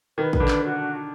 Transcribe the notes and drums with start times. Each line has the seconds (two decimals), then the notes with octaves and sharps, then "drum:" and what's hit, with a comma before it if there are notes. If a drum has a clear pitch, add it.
0.18 D#3 B4
0.33 B4, drum: kick
0.40 D3
0.48 D4, drum: clap
0.63 F#4
0.79 D4
0.94 D4